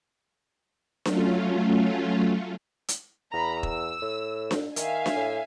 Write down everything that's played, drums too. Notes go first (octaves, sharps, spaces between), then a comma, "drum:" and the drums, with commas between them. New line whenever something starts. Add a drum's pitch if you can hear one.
F#3 A3 C#4 F4, drum: snare D4
drum: hi-hat
E2 A#5 B5
E6, drum: kick E1
A2
drum: snare D4
D#3 E5 F5 G#5, drum: hi-hat
drum: snare D4
A2